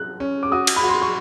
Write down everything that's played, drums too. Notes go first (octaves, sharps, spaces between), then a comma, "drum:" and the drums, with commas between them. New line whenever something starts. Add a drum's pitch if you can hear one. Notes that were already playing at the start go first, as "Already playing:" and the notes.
Already playing: F#6
C#4
D6
F#4 D#6
drum: cymbal
B5
F#4
C6
C#6